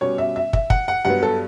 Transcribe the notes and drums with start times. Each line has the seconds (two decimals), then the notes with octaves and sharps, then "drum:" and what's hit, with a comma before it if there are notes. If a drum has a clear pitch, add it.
0.01 B2 G3 C#4 C#5
0.18 E5
0.36 E5
0.53 E5, drum: kick
0.70 F#5, drum: kick
0.88 F#5
1.05 G2 F#3 B3 F#5
1.23 A4